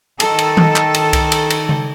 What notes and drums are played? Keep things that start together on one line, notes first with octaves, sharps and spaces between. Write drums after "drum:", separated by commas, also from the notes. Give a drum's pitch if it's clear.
D#3 A4, drum: cymbal
drum: cymbal
drum: tom D#3
drum: clap
drum: cymbal
drum: kick C2, cymbal
drum: cymbal
drum: cymbal
drum: tom C#3